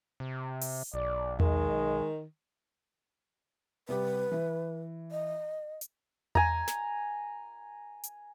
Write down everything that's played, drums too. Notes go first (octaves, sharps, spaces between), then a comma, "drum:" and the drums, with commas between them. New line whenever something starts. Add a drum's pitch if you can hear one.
C3
drum: open hi-hat
B1 D5
D#3 G#3, drum: tom E2
C3 G3 G4 B4
E3
D#5
drum: hi-hat
G#5 A#5, drum: tom E2
drum: snare
drum: hi-hat